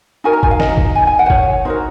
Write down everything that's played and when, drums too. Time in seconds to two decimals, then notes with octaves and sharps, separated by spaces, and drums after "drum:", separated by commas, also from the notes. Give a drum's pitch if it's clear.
0.24 D#4 F#4 A#4 G#5
0.33 A#5
0.43 G#5, drum: kick
0.51 F5
0.60 D#5, drum: snare
0.78 drum: kick
0.95 G#5
1.07 G#5
1.19 F#5
1.26 C5
1.30 C#5, drum: kick
1.65 D#4 F#4 A#4 C5